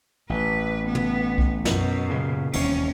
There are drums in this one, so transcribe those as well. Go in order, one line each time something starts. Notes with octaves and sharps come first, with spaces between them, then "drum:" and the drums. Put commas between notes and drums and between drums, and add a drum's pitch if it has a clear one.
A1 B4
B3
drum: tom
drum: kick B1
F#2 B2, drum: snare
A#2 C#3
E1 D#2 C3 C#4, drum: cymbal